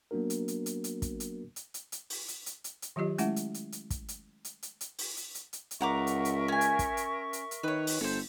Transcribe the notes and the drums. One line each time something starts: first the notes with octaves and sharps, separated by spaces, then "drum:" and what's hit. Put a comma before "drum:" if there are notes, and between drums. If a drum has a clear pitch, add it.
F#3 A#3 B3 D4 F#4 A#4
drum: hi-hat
drum: hi-hat
drum: hi-hat
drum: hi-hat
drum: kick, hi-hat
drum: hi-hat
drum: hi-hat
drum: hi-hat
drum: hi-hat
drum: open hi-hat
drum: hi-hat
drum: hi-hat
drum: hi-hat
drum: hi-hat
D#3 F#3 F4 G4 D#5
G#3 A3 C#4 E4 E5 F#5, drum: hi-hat
drum: hi-hat
drum: hi-hat
drum: hi-hat
drum: kick, hi-hat
drum: hi-hat
drum: hi-hat
drum: hi-hat
drum: hi-hat
drum: open hi-hat
drum: hi-hat
drum: hi-hat
drum: hi-hat
drum: hi-hat
C#2 A#4 E5 F#5 A#5 C#6 D6
drum: hi-hat
drum: hi-hat
C#4 G#5
drum: hi-hat
drum: kick, hi-hat
drum: hi-hat
drum: hi-hat
drum: hi-hat
D#3 B4 C#5
drum: open hi-hat
G1 A4 C5